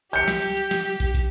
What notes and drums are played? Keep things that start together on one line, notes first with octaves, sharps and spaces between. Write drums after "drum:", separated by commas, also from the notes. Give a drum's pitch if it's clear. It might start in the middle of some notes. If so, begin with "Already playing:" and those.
G4 G6 C#7, drum: hi-hat
drum: snare
drum: hi-hat
drum: hi-hat
drum: snare
drum: hi-hat
drum: kick, hi-hat
drum: kick, hi-hat